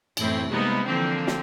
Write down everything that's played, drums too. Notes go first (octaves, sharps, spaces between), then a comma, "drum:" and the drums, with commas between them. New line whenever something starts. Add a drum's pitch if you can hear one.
F#2 A2 E3 A3 C4 E4, drum: cymbal
C3 G3 G#3 A#3 B3 D#4
D3 E3 F3 A#3 C4 D4
drum: snare